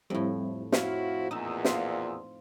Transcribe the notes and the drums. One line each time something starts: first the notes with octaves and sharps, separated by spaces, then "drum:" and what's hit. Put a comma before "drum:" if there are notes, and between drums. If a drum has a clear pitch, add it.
F2 A2 G3 C4 E4
F3 E4 F#4 C5 C#5 F5, drum: snare
E2 A#2 D#4 D#6 E6
F4 C5, drum: snare